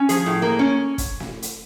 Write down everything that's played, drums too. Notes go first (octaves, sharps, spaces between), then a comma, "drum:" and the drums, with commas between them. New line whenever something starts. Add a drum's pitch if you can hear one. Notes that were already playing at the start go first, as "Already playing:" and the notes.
Already playing: C#4
F3 G#4, drum: hi-hat
A2
A#3
C#4
drum: kick, hi-hat
drum: snare
drum: hi-hat